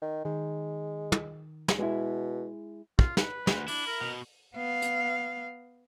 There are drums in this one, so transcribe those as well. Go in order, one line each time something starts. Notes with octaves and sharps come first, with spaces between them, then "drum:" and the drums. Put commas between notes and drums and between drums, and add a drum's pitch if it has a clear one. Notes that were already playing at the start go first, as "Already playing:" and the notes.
D#3
D#3 G#3
drum: tom
drum: snare
B2 G#3 E4
F4, drum: kick
B4, drum: snare
D2, drum: snare
D4 E4, drum: open hi-hat
A#4
B2
B3 F5
drum: hi-hat